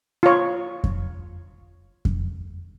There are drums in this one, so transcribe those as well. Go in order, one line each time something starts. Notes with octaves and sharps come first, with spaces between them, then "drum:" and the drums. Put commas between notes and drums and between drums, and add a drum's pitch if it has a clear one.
F4 C#5
drum: kick F2
drum: kick F2